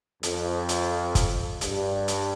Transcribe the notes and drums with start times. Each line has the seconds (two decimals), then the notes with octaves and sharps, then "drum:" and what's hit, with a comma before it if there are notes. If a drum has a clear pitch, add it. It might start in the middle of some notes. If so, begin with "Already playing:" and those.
0.23 F2, drum: hi-hat
0.69 drum: hi-hat
1.15 drum: kick, hi-hat
1.61 G2, drum: hi-hat
2.08 drum: hi-hat